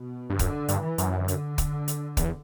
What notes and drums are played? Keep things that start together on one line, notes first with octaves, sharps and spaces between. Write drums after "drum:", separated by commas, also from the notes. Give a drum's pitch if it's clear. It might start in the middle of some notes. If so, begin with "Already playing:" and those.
Already playing: B2
G2
F#2 D3, drum: kick, hi-hat
G2, drum: hi-hat
E3
F#2, drum: hi-hat
D3, drum: hi-hat
drum: kick, hi-hat
drum: hi-hat
E2, drum: kick, hi-hat